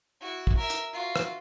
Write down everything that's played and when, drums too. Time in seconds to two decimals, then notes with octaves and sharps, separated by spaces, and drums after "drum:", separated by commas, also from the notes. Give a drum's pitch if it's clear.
0.21 E4 F#4
0.47 drum: kick
0.57 A#4 E5
0.70 drum: hi-hat
0.93 F4 F#4
1.16 drum: rim click